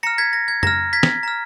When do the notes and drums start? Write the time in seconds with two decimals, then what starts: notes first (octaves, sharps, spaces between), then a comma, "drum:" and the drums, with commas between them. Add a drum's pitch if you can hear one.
0.03 A#5 F6 A#6 C#7
0.18 G#6 B6
0.33 A#6
0.48 G#6
0.63 A#5 F6 A#6, drum: tom F2
0.93 G#6 B6
1.03 drum: snare
1.23 A#5 F6